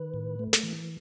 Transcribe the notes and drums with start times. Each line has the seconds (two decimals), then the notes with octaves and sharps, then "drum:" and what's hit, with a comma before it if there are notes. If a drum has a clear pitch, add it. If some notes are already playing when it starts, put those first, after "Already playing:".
Already playing: D#3 B4
0.14 A2
0.39 A3
0.53 drum: snare
0.63 E3